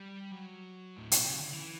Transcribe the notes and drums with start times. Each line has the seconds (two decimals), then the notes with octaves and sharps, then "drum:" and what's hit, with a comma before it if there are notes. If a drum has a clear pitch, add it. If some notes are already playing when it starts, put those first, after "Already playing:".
Already playing: G3
0.32 F#3
0.97 A2
1.12 B2, drum: hi-hat
1.25 C#3
1.40 D3
1.53 E3